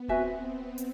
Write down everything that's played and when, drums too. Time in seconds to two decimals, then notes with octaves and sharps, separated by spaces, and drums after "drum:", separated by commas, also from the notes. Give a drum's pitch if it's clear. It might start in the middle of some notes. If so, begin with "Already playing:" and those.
Already playing: B3
0.08 C4 F#4 B4 E5 G#5, drum: kick D1
0.78 drum: hi-hat